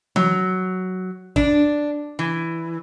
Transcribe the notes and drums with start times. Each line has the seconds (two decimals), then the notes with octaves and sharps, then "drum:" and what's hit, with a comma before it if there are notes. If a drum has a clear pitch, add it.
0.16 F#3, drum: tom E3
1.36 D4, drum: kick
2.19 E3